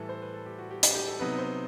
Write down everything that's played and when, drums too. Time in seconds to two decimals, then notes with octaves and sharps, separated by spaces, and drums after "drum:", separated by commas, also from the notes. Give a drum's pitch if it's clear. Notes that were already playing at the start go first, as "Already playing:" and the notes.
Already playing: A2 E3 G3 A4 B4
0.09 C5
0.22 B4
0.34 A4
0.46 G4
0.58 F#4
0.71 G4
0.83 G4, drum: hi-hat
0.95 G4
1.08 A4
1.20 C3 F#3 B3 D#4 B4
1.39 C5